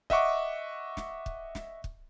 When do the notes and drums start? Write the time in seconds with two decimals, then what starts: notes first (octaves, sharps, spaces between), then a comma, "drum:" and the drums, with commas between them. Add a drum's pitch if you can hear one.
0.10 D#5 E5 F#5 C#6 D6, drum: kick
0.97 drum: snare
1.26 drum: kick
1.55 drum: snare
1.84 drum: kick